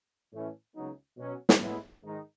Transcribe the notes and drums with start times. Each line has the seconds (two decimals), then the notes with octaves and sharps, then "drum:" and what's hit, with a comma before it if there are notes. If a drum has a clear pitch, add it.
0.32 A2 E3 A3 C#4
0.74 C#2 C#3 F#3 B3 D#4
1.17 B2 F#3 C#4
1.49 drum: snare
1.61 A2 G#3 B3 E4
2.03 G#2 D#3 G#3 D#4